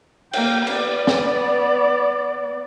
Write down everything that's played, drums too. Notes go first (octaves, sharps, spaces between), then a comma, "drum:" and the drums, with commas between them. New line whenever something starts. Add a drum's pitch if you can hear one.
A#3 G5, drum: cymbal
B3 D5, drum: cymbal
drum: snare